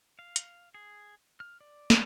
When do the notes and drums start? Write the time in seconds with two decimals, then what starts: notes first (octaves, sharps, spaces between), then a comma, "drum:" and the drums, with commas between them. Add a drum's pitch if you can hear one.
0.19 F5
0.36 drum: hi-hat
0.74 G#4
1.40 F6
1.61 D5
1.90 drum: snare